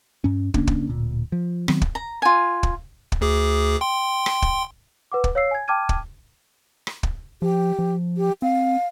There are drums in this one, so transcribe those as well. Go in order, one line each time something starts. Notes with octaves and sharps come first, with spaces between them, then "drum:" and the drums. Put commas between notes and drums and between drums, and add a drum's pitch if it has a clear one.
G2 C#4
C#3 A#3 C#4 D4, drum: kick
drum: kick
D1 A#2
F3
D#3 F#3 B3 C4, drum: rim click
drum: kick
A#5
F4 G#5
drum: kick
drum: kick
D2 G#4 D6
G5 C6
drum: rim click
drum: kick
B4 F#5 D6
drum: kick
C#5 F5 E6 C7
G#5 G#6
G5 A5 D6 F6 G#6 D#7
drum: kick
drum: rim click
drum: kick
F3 G4
F3
G4
C4 F5